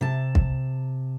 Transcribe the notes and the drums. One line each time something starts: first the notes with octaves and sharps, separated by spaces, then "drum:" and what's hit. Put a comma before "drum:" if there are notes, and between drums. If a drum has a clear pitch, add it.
C3 A5
drum: kick